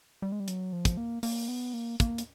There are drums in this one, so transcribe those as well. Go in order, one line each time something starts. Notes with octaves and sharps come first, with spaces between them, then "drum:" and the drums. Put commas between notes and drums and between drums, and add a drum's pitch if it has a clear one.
G3
G#3
G3
F#3, drum: hi-hat
F3
drum: kick, hi-hat
A#3
A#3, drum: open hi-hat
B3
A#3
A#3, drum: kick, hi-hat
drum: hi-hat